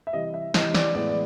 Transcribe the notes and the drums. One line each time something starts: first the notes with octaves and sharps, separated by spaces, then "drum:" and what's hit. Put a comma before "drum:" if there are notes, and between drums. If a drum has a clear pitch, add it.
E5
C3 E3 G3 D#5
E5
C3 E3 G3 D#5, drum: snare
D5, drum: snare
A2 E3 G#3 B3 D5
D5